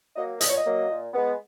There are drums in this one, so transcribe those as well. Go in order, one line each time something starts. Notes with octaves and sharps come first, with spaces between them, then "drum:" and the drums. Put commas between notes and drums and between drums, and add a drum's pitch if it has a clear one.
F#3 A#3 D#5
A#2 D#5, drum: hi-hat
C#5
D#5
F#3 A#3
A#2
G#3 B3